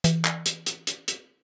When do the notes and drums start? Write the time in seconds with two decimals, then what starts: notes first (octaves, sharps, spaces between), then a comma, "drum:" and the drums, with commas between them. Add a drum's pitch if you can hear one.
0.04 E3, drum: hi-hat
0.25 drum: clap
0.46 drum: hi-hat
0.66 drum: hi-hat
0.87 drum: hi-hat
1.08 drum: hi-hat